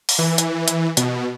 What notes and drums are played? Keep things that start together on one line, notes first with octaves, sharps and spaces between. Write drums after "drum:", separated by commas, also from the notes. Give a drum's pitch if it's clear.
drum: open hi-hat
E3
drum: hi-hat
drum: hi-hat
B2, drum: hi-hat